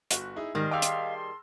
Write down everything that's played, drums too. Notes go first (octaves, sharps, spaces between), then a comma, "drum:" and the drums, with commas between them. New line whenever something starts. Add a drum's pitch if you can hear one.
G1 F#4, drum: hi-hat
D#4 E4 G#4
G#2 D#3 G3 D#5 A#5 C6 F6 A#6
G#4 D#5 F5 G5 A5 C6 D6 E6
drum: hi-hat